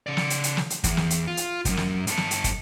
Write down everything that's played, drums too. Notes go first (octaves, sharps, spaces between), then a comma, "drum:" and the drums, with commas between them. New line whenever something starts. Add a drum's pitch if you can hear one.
C#3 D5
drum: snare
drum: hi-hat
drum: hi-hat
drum: snare
drum: hi-hat
E2, drum: kick, hi-hat
drum: snare
drum: hi-hat
F4
drum: hi-hat
B1 F#2, drum: kick, hi-hat
drum: snare
G2 A4, drum: hi-hat
drum: snare
drum: hi-hat
drum: kick, hi-hat